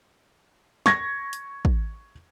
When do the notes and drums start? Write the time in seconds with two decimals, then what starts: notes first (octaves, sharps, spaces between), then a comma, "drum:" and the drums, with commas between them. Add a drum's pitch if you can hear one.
0.86 C#6 G#6 A#6, drum: snare
1.33 drum: hi-hat
1.65 drum: kick